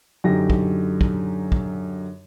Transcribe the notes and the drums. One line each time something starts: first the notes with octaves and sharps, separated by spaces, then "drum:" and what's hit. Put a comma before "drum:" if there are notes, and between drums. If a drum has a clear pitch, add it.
F#2 D3 D#4 G4 A#6
drum: kick
drum: kick
drum: kick